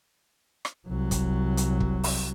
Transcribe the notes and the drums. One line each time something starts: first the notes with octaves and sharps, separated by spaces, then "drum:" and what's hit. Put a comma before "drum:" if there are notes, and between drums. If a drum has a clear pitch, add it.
drum: rim click
C2 F#3
drum: kick, hi-hat
drum: hi-hat
drum: kick
drum: open hi-hat